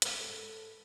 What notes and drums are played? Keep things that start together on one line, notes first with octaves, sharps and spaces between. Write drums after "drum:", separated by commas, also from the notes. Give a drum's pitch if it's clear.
G#2 B4, drum: hi-hat
A4